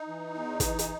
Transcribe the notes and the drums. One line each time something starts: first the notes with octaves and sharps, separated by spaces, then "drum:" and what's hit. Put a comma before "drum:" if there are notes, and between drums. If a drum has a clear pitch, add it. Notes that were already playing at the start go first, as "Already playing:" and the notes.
Already playing: D#4
E3
E2
E3, drum: kick, hi-hat
drum: hi-hat